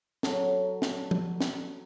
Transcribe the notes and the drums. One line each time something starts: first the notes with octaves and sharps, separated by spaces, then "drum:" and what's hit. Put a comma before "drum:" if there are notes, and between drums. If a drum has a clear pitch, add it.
F#3 A4, drum: snare
drum: snare
drum: tom
drum: snare